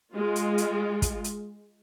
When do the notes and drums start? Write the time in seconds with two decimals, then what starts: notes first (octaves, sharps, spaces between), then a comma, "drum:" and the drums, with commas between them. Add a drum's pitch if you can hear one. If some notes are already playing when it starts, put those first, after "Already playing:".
0.13 G#3 F4
0.36 drum: hi-hat
0.58 drum: hi-hat
1.02 drum: kick, hi-hat
1.24 drum: hi-hat